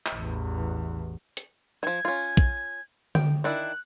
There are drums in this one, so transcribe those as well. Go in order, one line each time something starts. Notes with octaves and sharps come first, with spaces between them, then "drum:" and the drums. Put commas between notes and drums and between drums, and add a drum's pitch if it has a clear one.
drum: clap
A1 E2
drum: hi-hat
D#3 F3 G#6
C#4 F4
drum: kick
G5, drum: tom D3
D#3 D4 E4 F#6